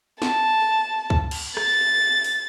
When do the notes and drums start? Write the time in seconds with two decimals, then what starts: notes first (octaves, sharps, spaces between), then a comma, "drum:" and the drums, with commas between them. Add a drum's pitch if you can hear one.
0.22 A5, drum: snare
1.10 drum: kick C2
1.31 drum: cymbal
1.57 A6, drum: rim click
2.24 drum: open hi-hat